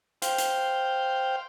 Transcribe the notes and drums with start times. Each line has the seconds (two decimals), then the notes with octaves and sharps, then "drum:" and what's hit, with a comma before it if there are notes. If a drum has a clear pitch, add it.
0.22 C5 F5 G5, drum: hi-hat
0.38 drum: hi-hat